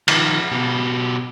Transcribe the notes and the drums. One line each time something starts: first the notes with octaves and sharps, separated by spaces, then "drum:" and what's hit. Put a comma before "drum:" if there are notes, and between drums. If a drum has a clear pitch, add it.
D#3 F3, drum: cymbal
B2 G4